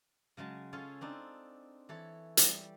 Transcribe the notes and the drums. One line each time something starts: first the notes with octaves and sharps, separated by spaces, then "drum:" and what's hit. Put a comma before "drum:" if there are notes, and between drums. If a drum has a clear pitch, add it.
C#3 F#3 G#3 A5
C#4 F4 G#4 A4 C#5
C4 D4 D#4
E3 A4 C#5
G3, drum: hi-hat